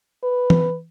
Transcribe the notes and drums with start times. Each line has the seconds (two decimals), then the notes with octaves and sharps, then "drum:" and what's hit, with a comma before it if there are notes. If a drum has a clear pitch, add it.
0.23 B4
0.50 drum: tom E3